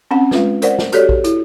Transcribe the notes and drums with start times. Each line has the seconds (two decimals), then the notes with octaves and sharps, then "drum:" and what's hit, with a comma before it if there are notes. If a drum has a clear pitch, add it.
0.11 C4 C#4 F#5
0.31 G#3 F4 B4, drum: snare
0.62 A#4 C5 D5 F#5, drum: hi-hat
0.79 drum: snare
0.92 F#4 G4 A4 C#5 D5, drum: hi-hat
1.09 drum: kick A#1
1.24 E4, drum: hi-hat